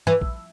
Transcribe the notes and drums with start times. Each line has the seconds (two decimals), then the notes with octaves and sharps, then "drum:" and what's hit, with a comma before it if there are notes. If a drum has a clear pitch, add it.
0.07 E3
0.21 drum: kick